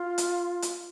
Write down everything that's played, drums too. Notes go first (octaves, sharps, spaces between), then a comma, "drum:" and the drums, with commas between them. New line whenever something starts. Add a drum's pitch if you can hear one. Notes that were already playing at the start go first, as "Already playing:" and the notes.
Already playing: F4
drum: hi-hat
drum: hi-hat